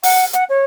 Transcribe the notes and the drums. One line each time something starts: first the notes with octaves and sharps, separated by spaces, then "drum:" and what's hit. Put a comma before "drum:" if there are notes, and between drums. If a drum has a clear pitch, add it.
F#5, drum: open hi-hat
F#5, drum: hi-hat
C#5